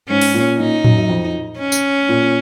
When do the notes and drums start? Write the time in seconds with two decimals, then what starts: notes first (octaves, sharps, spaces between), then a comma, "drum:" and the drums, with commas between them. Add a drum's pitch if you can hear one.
0.09 G#2 C#4
0.21 drum: open hi-hat
0.34 A#2
0.59 A#2 D#4
0.84 F#2, drum: tom A2
0.97 F#2
1.09 F2
1.59 C#4
1.72 drum: tambourine
2.09 A#2